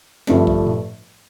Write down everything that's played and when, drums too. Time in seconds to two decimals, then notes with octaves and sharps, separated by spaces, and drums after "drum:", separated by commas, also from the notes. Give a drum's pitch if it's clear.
0.27 G1 G2 F3 A3 D4, drum: snare
0.47 drum: kick A1
0.67 drum: tom A2